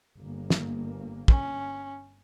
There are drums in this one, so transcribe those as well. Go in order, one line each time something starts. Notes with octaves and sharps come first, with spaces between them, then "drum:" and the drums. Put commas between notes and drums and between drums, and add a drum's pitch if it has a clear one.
G1 A#3
drum: snare
C#4, drum: kick